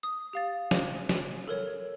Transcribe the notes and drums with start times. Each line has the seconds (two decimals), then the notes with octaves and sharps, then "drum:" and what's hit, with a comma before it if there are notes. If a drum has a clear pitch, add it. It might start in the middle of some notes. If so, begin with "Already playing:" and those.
0.03 D#6
0.33 G4 F5 A6
0.71 drum: snare
1.09 drum: snare
1.48 A4 A#4 C#5